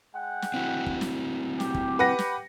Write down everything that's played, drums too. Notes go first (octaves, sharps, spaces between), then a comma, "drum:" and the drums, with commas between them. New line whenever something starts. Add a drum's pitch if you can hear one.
G#3 F#5 G5
drum: snare
C4 E4 F#4
drum: kick
drum: snare
G4, drum: snare
drum: kick
B4 F#5 A#6
drum: snare